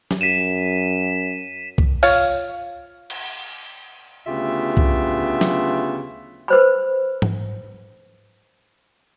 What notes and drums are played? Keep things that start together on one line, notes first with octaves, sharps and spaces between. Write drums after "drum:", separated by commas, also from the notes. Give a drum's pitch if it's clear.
drum: snare
F#2 B6 D#7 E7
drum: kick C2
F4 C#5 F5, drum: open hi-hat
drum: cymbal
D2 C#3 B3 F4 G4 E5
drum: kick C2
drum: snare
B4 C5 B5
drum: tom G#2